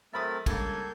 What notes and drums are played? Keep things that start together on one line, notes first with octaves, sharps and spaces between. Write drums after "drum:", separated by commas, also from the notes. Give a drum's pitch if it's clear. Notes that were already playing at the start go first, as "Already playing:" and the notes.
F#3 A3 C4 A#4 E5 B5 D#6 A6
C#2 G2 A#3 A4 G6 G#6, drum: kick, cymbal